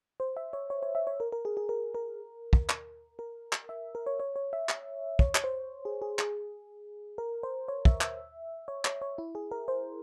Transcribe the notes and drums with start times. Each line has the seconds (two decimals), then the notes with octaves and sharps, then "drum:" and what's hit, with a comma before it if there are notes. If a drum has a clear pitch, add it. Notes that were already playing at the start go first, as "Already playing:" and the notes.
0.20 C5
0.37 E5
0.53 C#5
0.70 C#5
0.83 C#5
0.95 E5
1.07 C#5
1.20 A#4
1.32 A#4
1.45 G#4
1.57 G#4
1.69 A#4
1.95 A#4
2.53 drum: kick
2.69 drum: clap
3.19 A#4
3.53 drum: clap
3.69 E5
3.95 A#4
4.06 C#5
4.20 C#5
4.36 C#5
4.53 E5
4.69 drum: clap
5.19 C#5, drum: kick
5.35 C#5, drum: clap
5.44 C5
5.85 G#4
6.02 G#4
6.19 G#4, drum: clap
7.18 A#4
7.43 C5
7.68 C#5
7.85 E5, drum: kick
8.01 E5, drum: clap
8.68 C#5
8.85 C#5, drum: clap
9.02 C#5
9.18 E4
9.35 G#4
9.51 A#4
9.68 C5